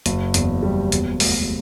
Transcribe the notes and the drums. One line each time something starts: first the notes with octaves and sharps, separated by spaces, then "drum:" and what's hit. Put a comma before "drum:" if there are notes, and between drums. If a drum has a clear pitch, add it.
F#1, drum: hi-hat
E2, drum: hi-hat
G3
E1, drum: hi-hat
D2, drum: open hi-hat